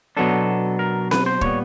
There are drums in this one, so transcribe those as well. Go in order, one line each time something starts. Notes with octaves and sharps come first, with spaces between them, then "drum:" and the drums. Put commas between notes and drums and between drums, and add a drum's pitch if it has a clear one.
B2 F#3 B3 D4 A4
A#4
B4, drum: snare C4
C5
A#2 G3 B3 C#5, drum: kick